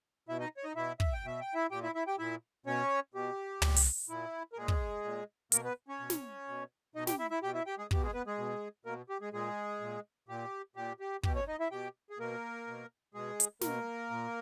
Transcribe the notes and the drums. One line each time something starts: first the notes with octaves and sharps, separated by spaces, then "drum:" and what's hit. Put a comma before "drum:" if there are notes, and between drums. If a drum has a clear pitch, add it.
B2 E4 E5
D#4 D#5
C#5
D#4 D#5
B2 E4 E5
E5, drum: kick
G5
B2 E5
G5
E4 E5
A#2 G4 G5
E4 E5
E4 E5
G4 G5
A#2 E4 E5
B2 C#4 C#5
B2 G4
A#2, drum: tom
drum: open hi-hat
A#2 E4
A#4
A#2 G#3 G#4
drum: kick
A#2
B2 A#3 A#4, drum: hi-hat
B3 B4
C#4 C#5
B2
drum: snare
B2
B2 D#4 D#5
G4 G5, drum: snare
E4 E5
E4 E5
B2 G4 G5
E4 E5
G4 G5
G#3 G#4
B2 G4, drum: kick
G#3 G#4
B3 B4
G#3 G#4
B2
B2 A#3 A#4
G4
G#3 G#4
A#2 G#3 G#4
A#2
A#2 G4
A#2 G4
G4
B2 G4, drum: kick
C#4 C#5
D#4 D#5
E4 E5
B2 G4 G5
G#4
B2 A#3 A#4
B2
B2 G#3 G#4
drum: hi-hat
B2 A#3 A#4, drum: snare
A#2